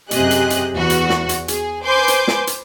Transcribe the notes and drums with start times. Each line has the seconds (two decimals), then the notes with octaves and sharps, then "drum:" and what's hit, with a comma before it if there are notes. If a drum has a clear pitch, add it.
0.11 F#2 C3 G4 G#4 D#5 F#6, drum: hi-hat
0.31 drum: hi-hat
0.50 drum: hi-hat
0.74 E2 F#4
0.90 drum: hi-hat
1.09 drum: snare
1.29 drum: hi-hat
1.48 G#4, drum: hi-hat
1.85 B4 C5 G#5 C6 D6 G6
2.08 drum: hi-hat
2.28 drum: snare
2.47 drum: hi-hat